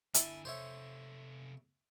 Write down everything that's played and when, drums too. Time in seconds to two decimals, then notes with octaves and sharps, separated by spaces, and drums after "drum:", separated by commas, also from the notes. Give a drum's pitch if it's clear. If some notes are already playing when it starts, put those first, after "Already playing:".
0.14 D3 E4 G#5 A5, drum: hi-hat
0.45 C3 A4 C5 C#5 E5